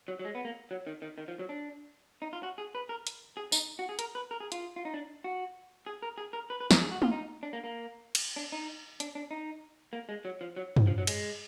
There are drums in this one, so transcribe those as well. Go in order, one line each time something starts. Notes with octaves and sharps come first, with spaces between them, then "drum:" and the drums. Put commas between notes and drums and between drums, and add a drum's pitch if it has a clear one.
F#3
F#3
G#3
B3
A#3
F#3
D#3
D#3
D#3
F3
F#3
D4
D#4
F4
F#4
G#4
B4
A#4
drum: hi-hat
G#4
D#4, drum: tambourine
F#4
G#4
A#4, drum: hi-hat
B4
A#4
G#4
F4, drum: hi-hat
F4
D#4
D4
F#4
G#4
A#4
G#4
A#4
B4
B4
A#4, drum: snare
G#4
F#4
F4, drum: tom
D#4
D4
A#3
A#3
drum: cymbal
D4
D#4
D4, drum: hi-hat
D4
D#4
A#3
G#3
F#3
F3
F#3
drum: tom
F3
F#3
G#3, drum: cymbal